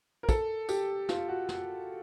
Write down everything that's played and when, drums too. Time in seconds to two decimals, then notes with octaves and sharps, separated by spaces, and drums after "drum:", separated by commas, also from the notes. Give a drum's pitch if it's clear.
0.23 A#4
0.29 A4, drum: kick, tambourine
0.69 G4, drum: tambourine
1.09 F4, drum: snare
1.29 F#4
1.49 drum: snare